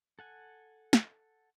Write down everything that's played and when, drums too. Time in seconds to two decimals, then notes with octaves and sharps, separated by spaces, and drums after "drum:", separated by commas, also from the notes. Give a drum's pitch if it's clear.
0.19 A4 F#5 G#5
0.93 drum: snare